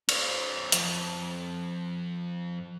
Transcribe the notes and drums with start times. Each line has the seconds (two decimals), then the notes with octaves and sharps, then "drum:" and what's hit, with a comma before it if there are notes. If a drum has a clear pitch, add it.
0.09 C#4 C5, drum: cymbal
0.72 F2, drum: hi-hat